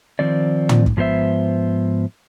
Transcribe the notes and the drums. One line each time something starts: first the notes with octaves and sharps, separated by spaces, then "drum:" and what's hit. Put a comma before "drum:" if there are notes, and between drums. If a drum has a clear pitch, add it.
D#3 F3 C4 D5
drum: tom
drum: kick
G#2 F3 B3 C5 E5